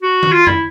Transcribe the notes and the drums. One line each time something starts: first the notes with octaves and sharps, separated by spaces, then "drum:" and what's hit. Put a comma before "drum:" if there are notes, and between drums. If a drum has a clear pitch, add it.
F#4
drum: tom D#3
F4
E4, drum: tom F2